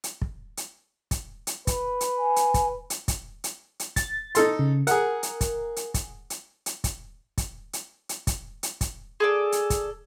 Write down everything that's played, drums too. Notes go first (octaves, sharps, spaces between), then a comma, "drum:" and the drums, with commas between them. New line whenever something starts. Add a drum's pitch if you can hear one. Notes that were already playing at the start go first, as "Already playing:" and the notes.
drum: hi-hat
drum: kick
drum: hi-hat
drum: kick, hi-hat
drum: hi-hat
B4, drum: kick, hi-hat
drum: hi-hat
G#5
drum: hi-hat
drum: kick, hi-hat
drum: hi-hat
drum: kick, hi-hat
drum: hi-hat
drum: hi-hat
A6, drum: kick, hi-hat
D#4 A4 C6, drum: hi-hat
C#3
G#4 A#4 F#5, drum: hi-hat
drum: hi-hat
drum: kick, hi-hat
drum: hi-hat
drum: kick, hi-hat
drum: hi-hat
drum: hi-hat
drum: kick, hi-hat
drum: kick, hi-hat
drum: hi-hat
drum: hi-hat
drum: kick, hi-hat
drum: hi-hat
drum: kick, hi-hat
G#4 A4 D5
drum: hi-hat
drum: kick, hi-hat